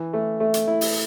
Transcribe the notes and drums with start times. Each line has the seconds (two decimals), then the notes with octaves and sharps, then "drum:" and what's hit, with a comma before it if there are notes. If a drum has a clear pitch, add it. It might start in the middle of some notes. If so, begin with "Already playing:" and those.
Already playing: E3
0.13 A3
0.40 A3
0.54 drum: hi-hat
0.67 E4
0.81 drum: open hi-hat